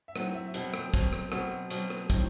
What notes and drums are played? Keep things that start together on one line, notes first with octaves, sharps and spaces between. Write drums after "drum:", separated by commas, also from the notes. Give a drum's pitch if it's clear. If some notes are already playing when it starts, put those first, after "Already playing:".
E5
A2 F#3 C4 F#5, drum: rim click
E5
B2 F#3 C4 F#5, drum: hi-hat
F#5
G5, drum: rim click
B2 F#3 C4, drum: kick, hi-hat
drum: rim click
B2 F#3 C4 F#5, drum: rim click
B2 F#3 C4, drum: hi-hat
drum: rim click
A2 F#3 C4, drum: kick, hi-hat